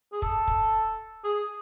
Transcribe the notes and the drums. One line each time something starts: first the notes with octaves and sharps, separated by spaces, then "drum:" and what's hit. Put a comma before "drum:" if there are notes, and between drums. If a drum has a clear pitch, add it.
G#4
A4, drum: kick
drum: kick
G#4